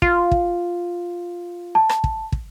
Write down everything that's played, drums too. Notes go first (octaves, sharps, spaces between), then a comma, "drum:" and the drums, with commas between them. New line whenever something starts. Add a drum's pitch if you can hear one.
F4, drum: kick
drum: kick
A5
drum: rim click
drum: kick
drum: kick